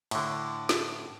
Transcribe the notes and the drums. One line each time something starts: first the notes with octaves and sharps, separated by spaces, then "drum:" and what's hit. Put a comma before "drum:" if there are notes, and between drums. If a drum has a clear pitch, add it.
A2 D3, drum: cymbal
drum: snare